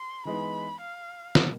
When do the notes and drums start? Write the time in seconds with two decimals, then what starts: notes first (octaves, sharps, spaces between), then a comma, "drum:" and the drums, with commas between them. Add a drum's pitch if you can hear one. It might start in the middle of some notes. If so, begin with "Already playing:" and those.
Already playing: C6
0.25 E3 G#3 B3 D#4 B5
0.80 F5
1.35 B2 G3 A#3, drum: snare